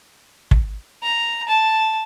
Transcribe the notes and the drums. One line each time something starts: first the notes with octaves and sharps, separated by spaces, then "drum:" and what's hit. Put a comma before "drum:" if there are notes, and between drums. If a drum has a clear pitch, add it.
drum: kick
A#5
A5